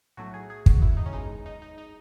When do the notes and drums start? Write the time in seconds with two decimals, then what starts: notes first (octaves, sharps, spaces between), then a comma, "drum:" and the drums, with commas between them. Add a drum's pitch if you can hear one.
0.17 B1 A2 F#3 A3 F#4
0.34 G#4
0.50 G#4
0.66 F#4, drum: kick
0.82 E4
0.97 D#4
1.06 C#4
1.13 B1 B2 G#3 D#4
1.46 D#4
1.62 D#4
1.78 D#4